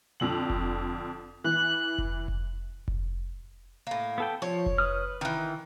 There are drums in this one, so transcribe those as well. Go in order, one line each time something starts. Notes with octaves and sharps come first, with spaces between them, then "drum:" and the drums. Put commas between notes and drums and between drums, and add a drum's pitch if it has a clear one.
F2 D3 F#7
drum: kick F1
E3 F#6
drum: kick F1
drum: kick F1
drum: kick F1
A2 A#3
B3 A4 G5
F3 C#5
drum: kick F1
B4 D#6 F6
D#3 E3